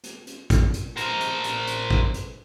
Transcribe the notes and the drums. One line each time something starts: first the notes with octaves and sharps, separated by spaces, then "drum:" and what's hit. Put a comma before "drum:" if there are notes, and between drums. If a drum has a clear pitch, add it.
drum: hi-hat
drum: hi-hat
drum: kick, hi-hat
drum: hi-hat
A#4 C5, drum: hi-hat
drum: hi-hat
drum: hi-hat
drum: hi-hat
drum: kick
drum: hi-hat